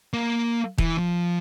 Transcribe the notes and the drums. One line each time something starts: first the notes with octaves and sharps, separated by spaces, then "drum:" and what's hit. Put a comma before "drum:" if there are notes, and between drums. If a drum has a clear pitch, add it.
A#3
E3, drum: kick D#1
F3